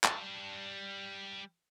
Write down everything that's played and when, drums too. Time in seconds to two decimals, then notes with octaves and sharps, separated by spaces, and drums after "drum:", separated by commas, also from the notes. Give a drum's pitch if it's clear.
0.04 G3 A5, drum: clap